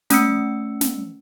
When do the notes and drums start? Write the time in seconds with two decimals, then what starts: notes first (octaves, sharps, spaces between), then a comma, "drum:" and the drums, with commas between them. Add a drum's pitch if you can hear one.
0.10 A3 C#4 E6 C#7, drum: snare
0.81 drum: snare